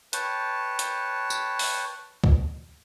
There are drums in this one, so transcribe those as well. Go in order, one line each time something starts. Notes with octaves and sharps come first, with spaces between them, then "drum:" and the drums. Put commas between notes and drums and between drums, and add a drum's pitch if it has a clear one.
B4 C#5 G5 A5, drum: hi-hat
drum: hi-hat
drum: tambourine
drum: open hi-hat
drum: kick C#2